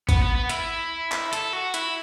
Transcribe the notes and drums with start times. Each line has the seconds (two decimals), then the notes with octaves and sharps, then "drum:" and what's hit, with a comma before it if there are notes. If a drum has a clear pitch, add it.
0.09 B3, drum: kick G#1, hi-hat
0.22 B3
0.36 B3
0.49 E4, drum: hi-hat
1.12 drum: clap
1.33 A4, drum: hi-hat
1.53 F#4
1.74 E4, drum: hi-hat